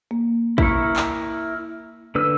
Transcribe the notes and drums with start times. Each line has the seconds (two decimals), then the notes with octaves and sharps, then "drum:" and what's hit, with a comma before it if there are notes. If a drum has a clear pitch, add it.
0.11 A#3
0.58 E4 A#4 C#6, drum: kick
0.96 drum: clap
2.15 D3 B4 E6